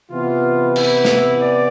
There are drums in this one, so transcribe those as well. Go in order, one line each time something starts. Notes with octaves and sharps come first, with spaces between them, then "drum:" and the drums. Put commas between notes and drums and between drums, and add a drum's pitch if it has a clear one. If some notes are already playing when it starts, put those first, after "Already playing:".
C3 E3 B3 F4
E4, drum: cymbal
drum: snare
D5